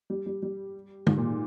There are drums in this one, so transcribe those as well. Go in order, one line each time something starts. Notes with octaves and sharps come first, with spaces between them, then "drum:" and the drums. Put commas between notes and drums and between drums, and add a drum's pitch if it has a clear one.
G3
G3
G3
G#2, drum: tom
A#2